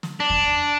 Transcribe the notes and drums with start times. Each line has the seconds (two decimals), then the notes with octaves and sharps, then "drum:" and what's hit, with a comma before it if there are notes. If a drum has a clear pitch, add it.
0.03 drum: snare
0.20 D4
0.30 drum: kick E2